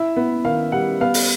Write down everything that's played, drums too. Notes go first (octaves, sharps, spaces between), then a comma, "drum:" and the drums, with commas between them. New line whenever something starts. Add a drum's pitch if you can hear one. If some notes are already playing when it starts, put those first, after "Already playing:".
Already playing: E4 E5
B3
D#3 F5
G3 F#5
B3 F5
drum: open hi-hat